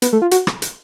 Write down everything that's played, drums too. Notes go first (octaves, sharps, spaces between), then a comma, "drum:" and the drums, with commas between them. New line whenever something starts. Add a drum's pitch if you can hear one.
B3, drum: hi-hat
A3
F4
F#4, drum: hi-hat
drum: rim click
drum: hi-hat